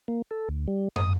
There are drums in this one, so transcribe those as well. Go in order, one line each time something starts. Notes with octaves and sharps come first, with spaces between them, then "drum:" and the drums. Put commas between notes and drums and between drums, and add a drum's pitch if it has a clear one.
A#3
A4
D2
G3
D#6, drum: tom F#2